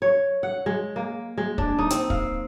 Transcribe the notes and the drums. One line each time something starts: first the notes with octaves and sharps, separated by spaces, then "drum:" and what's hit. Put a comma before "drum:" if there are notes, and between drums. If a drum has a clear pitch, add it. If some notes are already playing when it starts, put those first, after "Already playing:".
C#5
F#5
G#3
A#3
G#3
D4, drum: kick
D#4
C4, drum: hi-hat
F5, drum: kick